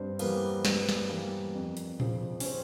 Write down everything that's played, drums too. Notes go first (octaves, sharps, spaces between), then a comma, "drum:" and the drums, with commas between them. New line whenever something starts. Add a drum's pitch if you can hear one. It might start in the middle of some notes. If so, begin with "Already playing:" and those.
Already playing: G2 C4
E3 G3 A#3 B3, drum: cymbal
G2 B3, drum: snare
drum: snare
E3 G3 A#3
F2
drum: hi-hat
C#3 F3, drum: tom A2
C#4, drum: open hi-hat
C4